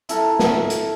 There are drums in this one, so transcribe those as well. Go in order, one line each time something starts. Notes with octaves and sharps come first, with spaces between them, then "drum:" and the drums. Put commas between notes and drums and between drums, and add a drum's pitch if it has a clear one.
E4 A4 A#4, drum: hi-hat
drum: snare
drum: hi-hat